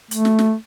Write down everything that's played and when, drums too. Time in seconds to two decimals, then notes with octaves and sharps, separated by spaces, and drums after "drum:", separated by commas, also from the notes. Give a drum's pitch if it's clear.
0.11 A3, drum: hi-hat
0.25 drum: snare
0.39 drum: snare